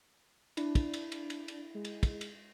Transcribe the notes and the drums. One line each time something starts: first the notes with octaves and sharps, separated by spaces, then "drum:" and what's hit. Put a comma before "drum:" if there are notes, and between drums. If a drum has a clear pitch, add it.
D4 E4, drum: cymbal
drum: kick, cymbal
drum: cymbal
drum: cymbal
drum: cymbal
drum: cymbal
G#3
drum: cymbal
drum: kick, cymbal
drum: cymbal